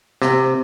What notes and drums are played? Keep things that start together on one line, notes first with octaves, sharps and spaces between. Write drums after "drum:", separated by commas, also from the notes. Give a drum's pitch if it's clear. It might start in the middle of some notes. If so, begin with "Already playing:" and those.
C3, drum: snare